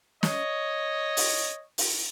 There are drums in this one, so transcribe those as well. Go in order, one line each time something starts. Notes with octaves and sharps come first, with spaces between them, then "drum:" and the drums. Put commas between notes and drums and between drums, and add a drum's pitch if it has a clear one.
C#5 D#5, drum: snare
drum: open hi-hat
drum: open hi-hat